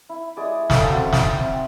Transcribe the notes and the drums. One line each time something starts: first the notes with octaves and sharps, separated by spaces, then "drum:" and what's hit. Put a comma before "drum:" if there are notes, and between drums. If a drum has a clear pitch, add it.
E4
G#3 G#4 D5
C#4 A4 E5 F5, drum: snare
C4 F#4 C5 E5
drum: snare
C4